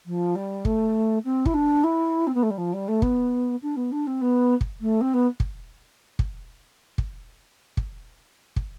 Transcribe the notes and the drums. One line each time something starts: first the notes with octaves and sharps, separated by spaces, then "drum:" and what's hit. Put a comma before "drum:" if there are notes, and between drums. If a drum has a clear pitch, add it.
F3
G3
A3, drum: kick
C4
E4, drum: kick
D4
E4
C4
B3
A3
G3
F3
G3
A3
B3, drum: kick
D4
B3
D4
C4
B3
drum: kick
A3
C4
B3
drum: kick
drum: kick
drum: kick
drum: kick
drum: kick